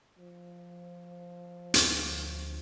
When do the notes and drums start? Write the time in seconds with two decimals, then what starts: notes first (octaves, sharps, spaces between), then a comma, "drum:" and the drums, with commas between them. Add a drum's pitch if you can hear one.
0.18 F3
1.74 D2, drum: hi-hat